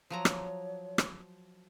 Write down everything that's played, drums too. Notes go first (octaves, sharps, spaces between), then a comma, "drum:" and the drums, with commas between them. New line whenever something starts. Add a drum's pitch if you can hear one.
F3 F#3 C#5 A#5
drum: rim click
drum: rim click